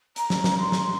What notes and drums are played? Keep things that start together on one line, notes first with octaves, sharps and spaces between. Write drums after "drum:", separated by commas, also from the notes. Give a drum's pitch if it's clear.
A#5, drum: hi-hat
drum: snare
drum: snare
C6
drum: snare